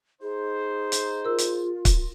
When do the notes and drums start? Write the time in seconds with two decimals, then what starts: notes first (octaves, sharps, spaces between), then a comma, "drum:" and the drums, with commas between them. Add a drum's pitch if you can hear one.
0.22 D#4 G#4 C5
0.92 drum: hi-hat
1.25 F4 A#4 E6
1.38 drum: hi-hat
1.85 drum: kick, hi-hat